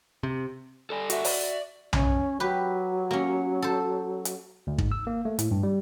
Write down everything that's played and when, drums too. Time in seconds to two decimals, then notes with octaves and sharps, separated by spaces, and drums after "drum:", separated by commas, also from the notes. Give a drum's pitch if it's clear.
0.23 C3
0.90 A4 D5 G#5
1.10 F#4 E5, drum: hi-hat
1.24 D5, drum: open hi-hat
1.93 C#4, drum: tom B1
2.40 F#3 G4 B4
3.11 A#3 C#4
3.62 A4 C5
4.25 drum: hi-hat
4.67 D2
4.78 G#2, drum: kick
4.92 E6
5.07 A#3
5.25 A3
5.39 A2, drum: hi-hat
5.51 G2
5.63 G3